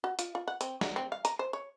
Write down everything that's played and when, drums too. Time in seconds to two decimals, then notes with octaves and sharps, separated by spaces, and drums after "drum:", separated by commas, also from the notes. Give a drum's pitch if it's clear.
0.04 F#4
0.19 F4, drum: hi-hat
0.35 F4
0.48 F#5
0.61 C4, drum: hi-hat
0.81 F#3, drum: snare
0.96 C4
1.12 F5
1.25 A#5, drum: hi-hat
1.39 C5
1.53 C#5